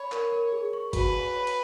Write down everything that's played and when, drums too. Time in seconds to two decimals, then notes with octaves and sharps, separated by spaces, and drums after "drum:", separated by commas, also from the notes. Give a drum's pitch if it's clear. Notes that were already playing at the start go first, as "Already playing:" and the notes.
Already playing: C#5 B5
0.12 A#4, drum: clap
0.32 A#4
0.52 G#4
0.73 C#6
0.93 F#4 B4, drum: kick G1, cymbal
1.13 B5
1.34 C#5
1.47 drum: cymbal